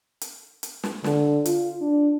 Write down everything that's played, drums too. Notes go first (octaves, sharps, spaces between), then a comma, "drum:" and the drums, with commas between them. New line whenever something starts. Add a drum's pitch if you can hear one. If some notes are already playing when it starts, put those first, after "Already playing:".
drum: hi-hat
drum: hi-hat
drum: snare
D3, drum: snare
F4, drum: hi-hat
D4